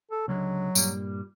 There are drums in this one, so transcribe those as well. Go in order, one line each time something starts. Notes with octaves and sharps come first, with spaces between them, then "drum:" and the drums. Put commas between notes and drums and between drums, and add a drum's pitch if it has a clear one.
A4
C#2 D3 F#3 G#3
G2 A#2 G3, drum: tambourine